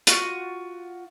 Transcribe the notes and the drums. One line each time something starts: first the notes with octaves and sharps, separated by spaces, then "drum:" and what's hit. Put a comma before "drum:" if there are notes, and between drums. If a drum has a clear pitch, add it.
F4 F#4, drum: hi-hat